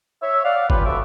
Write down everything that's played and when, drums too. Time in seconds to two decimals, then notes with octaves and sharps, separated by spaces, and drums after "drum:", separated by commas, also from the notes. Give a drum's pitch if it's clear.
0.23 C#5 E5
0.45 D5 F5 F#5
0.70 C#4 F4 G4 B4, drum: kick G1
0.86 D2 D3 B3 E5 C#6 D6